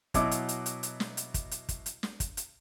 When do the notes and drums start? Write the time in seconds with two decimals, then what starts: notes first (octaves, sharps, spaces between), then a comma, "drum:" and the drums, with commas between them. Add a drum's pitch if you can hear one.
0.14 B2 F#3 E4 D#5 D6, drum: kick, hi-hat
0.31 drum: hi-hat
0.49 drum: hi-hat
0.66 drum: hi-hat
0.83 drum: hi-hat
1.00 drum: snare
1.17 drum: hi-hat
1.34 drum: kick, hi-hat
1.51 drum: hi-hat
1.69 drum: kick, hi-hat
1.86 drum: hi-hat
2.03 drum: snare
2.20 drum: kick, hi-hat
2.37 drum: hi-hat